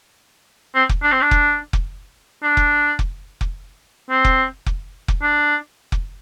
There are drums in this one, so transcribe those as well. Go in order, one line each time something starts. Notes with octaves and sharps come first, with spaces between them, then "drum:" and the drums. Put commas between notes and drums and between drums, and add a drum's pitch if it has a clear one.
C4
drum: kick F1
D4
C4
D4
drum: kick F1
drum: kick F1
D4
drum: kick F1
drum: kick F1
drum: kick F1
C4
drum: kick F1
drum: kick F1
drum: kick F1
D4
drum: kick F1